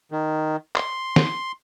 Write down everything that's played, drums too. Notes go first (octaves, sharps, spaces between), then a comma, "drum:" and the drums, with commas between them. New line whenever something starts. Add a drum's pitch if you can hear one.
D#3
C6, drum: clap
drum: snare